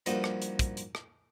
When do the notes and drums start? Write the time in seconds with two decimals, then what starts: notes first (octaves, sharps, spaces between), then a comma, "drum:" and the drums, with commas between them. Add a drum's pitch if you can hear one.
0.06 G2 F3 A#3 D#4 F#4, drum: hi-hat
0.24 drum: rim click
0.42 drum: hi-hat
0.59 drum: kick, hi-hat
0.77 drum: hi-hat
0.95 drum: rim click